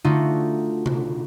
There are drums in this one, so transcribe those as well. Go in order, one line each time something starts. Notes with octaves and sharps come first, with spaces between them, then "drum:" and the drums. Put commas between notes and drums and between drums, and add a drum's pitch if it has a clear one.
D3 A3 D#4 F4 F#4
drum: tom C3